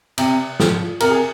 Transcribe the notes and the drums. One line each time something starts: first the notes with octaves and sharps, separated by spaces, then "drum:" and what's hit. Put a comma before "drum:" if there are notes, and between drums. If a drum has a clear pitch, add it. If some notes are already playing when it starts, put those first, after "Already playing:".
C3, drum: cymbal
F3, drum: snare
C3 A#4, drum: cymbal
G#4